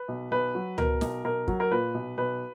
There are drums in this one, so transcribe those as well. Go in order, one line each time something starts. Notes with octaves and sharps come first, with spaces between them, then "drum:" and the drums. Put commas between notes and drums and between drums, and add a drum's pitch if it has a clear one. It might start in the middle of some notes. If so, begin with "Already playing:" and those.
Already playing: B4
B1
B1 B4
F#3
B2 A#4, drum: tom C#2
B1, drum: snare
B1 A#4
F#3, drum: kick
A#4
A#2 B4
B1
B1 B4